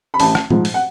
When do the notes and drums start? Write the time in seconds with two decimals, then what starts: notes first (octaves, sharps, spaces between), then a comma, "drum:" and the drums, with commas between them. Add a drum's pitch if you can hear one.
0.14 B5
0.20 A1 A5, drum: open hi-hat
0.35 drum: rim click
0.50 G#2 F3, drum: tom A#2
0.65 drum: open hi-hat
0.74 F#5